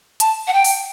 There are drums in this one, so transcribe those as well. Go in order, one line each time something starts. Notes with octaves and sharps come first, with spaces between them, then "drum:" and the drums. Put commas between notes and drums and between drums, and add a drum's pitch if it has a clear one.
A5, drum: hi-hat
F#5
G5
drum: open hi-hat